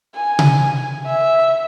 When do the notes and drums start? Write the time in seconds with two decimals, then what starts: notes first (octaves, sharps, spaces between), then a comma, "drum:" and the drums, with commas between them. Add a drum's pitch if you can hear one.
0.15 G#5
0.39 drum: tom C3
1.06 E5